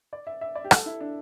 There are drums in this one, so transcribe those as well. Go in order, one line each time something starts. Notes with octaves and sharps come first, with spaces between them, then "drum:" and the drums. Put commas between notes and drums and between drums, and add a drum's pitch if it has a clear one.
D5
E5
E5
D5
G4
A4, drum: rim click
E4
D4